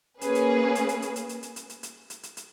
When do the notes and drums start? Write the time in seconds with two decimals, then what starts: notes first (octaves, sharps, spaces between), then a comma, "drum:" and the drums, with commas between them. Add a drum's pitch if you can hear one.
0.21 A#3 C#4 G#4 B4, drum: hi-hat
0.35 drum: hi-hat
0.75 drum: hi-hat
0.89 drum: hi-hat
1.02 drum: hi-hat
1.16 drum: hi-hat
1.29 drum: hi-hat
1.43 drum: hi-hat
1.56 drum: hi-hat
1.70 drum: hi-hat
1.83 drum: hi-hat
2.10 drum: hi-hat
2.23 drum: hi-hat
2.37 drum: hi-hat